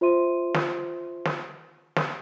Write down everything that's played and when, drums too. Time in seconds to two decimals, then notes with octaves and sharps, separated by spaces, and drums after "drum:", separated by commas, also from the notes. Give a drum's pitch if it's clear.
0.01 F4 C5 E5 C6 D#7
0.54 drum: snare
1.25 drum: snare
1.96 drum: snare